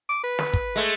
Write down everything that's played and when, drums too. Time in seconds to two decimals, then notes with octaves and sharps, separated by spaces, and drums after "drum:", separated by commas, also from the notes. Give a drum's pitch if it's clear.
0.09 D6
0.24 B4
0.39 drum: snare
0.54 drum: kick
0.76 G#3 A3